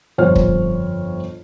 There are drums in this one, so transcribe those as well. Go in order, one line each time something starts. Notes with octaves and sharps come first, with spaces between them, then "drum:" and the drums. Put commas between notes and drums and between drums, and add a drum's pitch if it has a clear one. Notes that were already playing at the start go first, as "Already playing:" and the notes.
G1 F2 F4 C5 C#5 F6
drum: kick